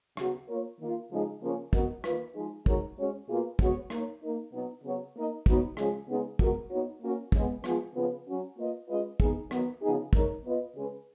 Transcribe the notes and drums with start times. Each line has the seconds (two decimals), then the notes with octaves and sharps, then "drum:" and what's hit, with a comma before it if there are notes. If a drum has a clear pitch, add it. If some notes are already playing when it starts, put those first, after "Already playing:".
0.17 C#3 F#3 B3 F#4, drum: rim click
0.49 A#3 F4 A#4 C#5
0.80 D#3 A#3 F4
1.11 C#3 F3 G#3 D#4 G#4
1.42 C#3 F3 A#3 C#4
1.73 B3 F#4 A#4 D#5, drum: kick
2.04 D#3 A#3 F4 B4, drum: rim click
2.35 F3 G#3 D#4 G#4
2.66 G#3 D#4 F#4 A#4 C#5, drum: kick
2.97 G#3 C#4 F#4 C#5
3.29 B2 A#3 F4 G#4 B4
3.59 G#3 B3 F#4 C#5, drum: kick
3.90 A#3 D#4 A#4 C#5, drum: rim click
4.21 A#3 D#4 A#4
4.53 B2 F#3 B3 D#4
4.83 C#3 F#3 B3 F#4 C#5
5.15 A#3 D#4 A#4 D#5
5.46 B3 D#4 F#4 C#5, drum: kick
5.77 C#3 F3 G#3 C#4 G#4, drum: rim click
6.08 C#3 G#3 B3 D#4
6.39 G#3 B3 F#4 A#4, drum: kick
6.70 B3 D#4 F#4 C#5
7.02 A#3 C#4 F#4 A#4 C#5
7.32 C#3 G#3 B3, drum: kick
7.64 F3 G#3 B3 F4 G#4, drum: rim click
7.95 C#3 F3 B3 F4 B4
8.26 F#3 C#4 F#4
8.57 A#3 F4 B4 D#5
8.88 G#3 C#4 F4 B4 D#5
9.20 B3 D#4 G#4, drum: kick
9.51 D#3 F#3 B3, drum: rim click
9.82 C#3 F3 B3 D#4 G#4
10.13 G#3 D#4 A#4 C#5, drum: kick
10.44 B3 F4 B4 D#5
10.75 C#3 G#3 C#4 G#4 B4